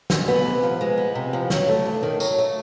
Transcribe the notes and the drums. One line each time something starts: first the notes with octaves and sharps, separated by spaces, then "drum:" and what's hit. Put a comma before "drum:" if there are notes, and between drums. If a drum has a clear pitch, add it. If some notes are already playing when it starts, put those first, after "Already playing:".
G#3, drum: snare
B3
C3
F3
G#3
B3
C3
F3
F#3, drum: snare
A3
G2
D#3
F#3, drum: tambourine
A3